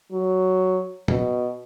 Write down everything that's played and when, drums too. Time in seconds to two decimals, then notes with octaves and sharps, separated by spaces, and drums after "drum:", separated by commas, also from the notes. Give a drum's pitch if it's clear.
0.12 F#3
1.08 B2, drum: tom A#2